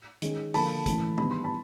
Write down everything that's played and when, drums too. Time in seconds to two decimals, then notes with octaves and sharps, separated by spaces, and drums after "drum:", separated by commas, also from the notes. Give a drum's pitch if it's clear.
0.22 D#3 G#3 C#4, drum: hi-hat
0.54 D3 F3 A#3 A5 B5, drum: open hi-hat
0.86 A2 E3 A3 C#4, drum: kick, hi-hat
1.18 D#3 G3 B3 D4 B5, drum: tom
1.31 C6
1.44 A5 B5